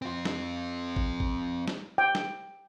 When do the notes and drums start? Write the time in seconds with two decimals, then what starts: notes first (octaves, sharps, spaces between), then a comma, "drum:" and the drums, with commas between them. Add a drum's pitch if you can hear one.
0.02 C4 F4
0.25 drum: snare
0.96 drum: kick
1.20 drum: kick
1.68 drum: snare
1.98 G5
2.15 drum: snare